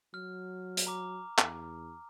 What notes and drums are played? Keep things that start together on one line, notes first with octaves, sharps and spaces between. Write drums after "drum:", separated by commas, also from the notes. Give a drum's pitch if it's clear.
F#3 F6
drum: hi-hat
A#5 D6
E2, drum: clap